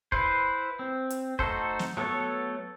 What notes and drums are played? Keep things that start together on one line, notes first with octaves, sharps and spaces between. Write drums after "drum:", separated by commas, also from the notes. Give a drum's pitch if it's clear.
E4 B4 C5, drum: kick
C4
drum: hi-hat
A3 D#4 F#4 A4 C5, drum: kick
drum: snare
F#3 A3 B3 A4 C#5